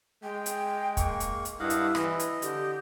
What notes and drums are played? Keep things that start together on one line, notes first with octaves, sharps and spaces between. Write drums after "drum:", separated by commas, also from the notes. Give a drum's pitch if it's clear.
G#3 G5
drum: hi-hat
A#3 C#6, drum: kick, hi-hat
drum: hi-hat
drum: hi-hat
G2 E4 D#5 F5 F#5
drum: hi-hat
E3 D#5, drum: rim click
drum: hi-hat
D3 G4, drum: hi-hat